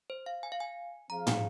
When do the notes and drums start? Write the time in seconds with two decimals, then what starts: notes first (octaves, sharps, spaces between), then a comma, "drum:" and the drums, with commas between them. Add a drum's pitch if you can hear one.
0.10 C5
0.26 F5
0.43 G#5
0.52 F5
0.60 G#5
1.10 F3 C4 G#4 F5 A#5
1.27 G#5, drum: tom